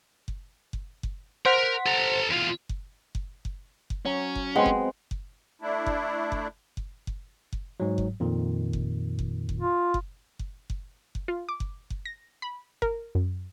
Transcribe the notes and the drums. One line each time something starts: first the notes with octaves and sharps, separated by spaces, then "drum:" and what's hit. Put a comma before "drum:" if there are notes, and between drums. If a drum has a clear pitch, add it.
drum: kick F#1
drum: kick F#1
drum: kick F#1
A#4 C5 F#5 B6
A4 A#5
E2 F4
drum: kick F#1
drum: kick F#1
drum: kick F#1
drum: kick F#1
F#3 C#4
drum: kick F#1
G#3 B3 C4 F#5 G5 C6
drum: kick F#1
drum: kick F#1
A3 D4 E4
drum: kick F#1
drum: kick F#1
drum: kick F#1
drum: kick F#1
drum: kick F#1
G#2 F#3
drum: kick F#1
F2 A#2 D#3
drum: kick F#1
drum: kick F#1
drum: kick F#1
F4
drum: kick F#1
drum: kick F#1
drum: kick F#1
drum: kick F#1
F4
D6
drum: kick F#1
drum: kick F#1
A#6
B5
A#4, drum: kick F#1
F#2